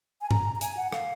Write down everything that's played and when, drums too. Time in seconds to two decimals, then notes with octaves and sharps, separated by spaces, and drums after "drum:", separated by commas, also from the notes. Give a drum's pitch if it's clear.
0.21 G#5
0.31 A#5, drum: tom G2
0.55 A#5
0.61 G#5, drum: hi-hat
0.77 F#5
0.92 F5, drum: rim click